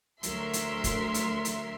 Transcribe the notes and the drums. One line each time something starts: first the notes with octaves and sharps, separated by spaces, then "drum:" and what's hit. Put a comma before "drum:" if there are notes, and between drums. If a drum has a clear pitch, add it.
D2 F#3 A#4 E5 C6, drum: hi-hat
drum: hi-hat
drum: kick, hi-hat
drum: hi-hat
drum: hi-hat